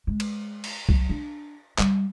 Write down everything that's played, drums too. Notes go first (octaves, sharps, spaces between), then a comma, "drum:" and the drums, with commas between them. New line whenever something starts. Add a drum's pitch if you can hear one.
G#3
drum: cymbal
drum: cymbal
F#3, drum: kick C2
D4
G3, drum: clap